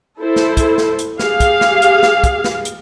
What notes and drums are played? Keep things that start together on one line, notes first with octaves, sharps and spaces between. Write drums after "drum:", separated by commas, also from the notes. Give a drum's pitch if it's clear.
E4 A4 C5
drum: snare
drum: kick, hi-hat
drum: snare
drum: hi-hat
G4 G#4 F5, drum: snare
drum: kick, hi-hat
drum: snare
drum: hi-hat
drum: snare
drum: kick, hi-hat
drum: snare
drum: hi-hat